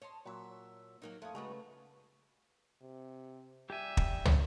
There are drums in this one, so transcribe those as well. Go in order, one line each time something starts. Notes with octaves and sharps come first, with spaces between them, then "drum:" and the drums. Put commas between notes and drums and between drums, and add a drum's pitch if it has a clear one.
C#5 D#5 A5 C6
A#2 F#3 F#4 E5
F#3 A#3 D#4
F2 A3 F4 C#5 D#6
C#3 G#3 A3 F#4 B4 A#5
C3
G3 G4 E5 G#5
drum: kick
drum: tom